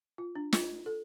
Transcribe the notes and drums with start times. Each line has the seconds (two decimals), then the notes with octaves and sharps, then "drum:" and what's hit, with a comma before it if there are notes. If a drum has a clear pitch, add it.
0.18 F4
0.36 D4
0.53 F4, drum: snare
0.86 A4